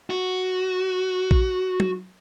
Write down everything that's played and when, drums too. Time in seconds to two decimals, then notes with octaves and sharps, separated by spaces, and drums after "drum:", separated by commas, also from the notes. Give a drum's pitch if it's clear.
0.10 F#4
1.31 drum: kick A#1
1.80 drum: tom